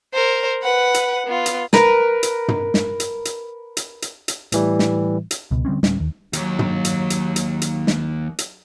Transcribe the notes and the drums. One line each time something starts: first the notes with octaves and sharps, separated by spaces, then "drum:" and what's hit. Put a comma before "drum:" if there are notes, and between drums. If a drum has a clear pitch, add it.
A#4 C5
B4 F#5
drum: hi-hat
B3 F4
drum: hi-hat
A#4 B4, drum: snare
drum: hi-hat
drum: tom
drum: snare
drum: hi-hat
drum: hi-hat
drum: hi-hat
drum: hi-hat
drum: hi-hat
A2 E3 G3, drum: hi-hat
drum: snare
drum: hi-hat
C#2 B2
D3 G3 C4 C#4
D1 G3 C#4, drum: snare
D#2
D#2 F#3, drum: hi-hat
drum: tom
drum: hi-hat
drum: hi-hat
drum: hi-hat
drum: hi-hat
drum: snare
drum: hi-hat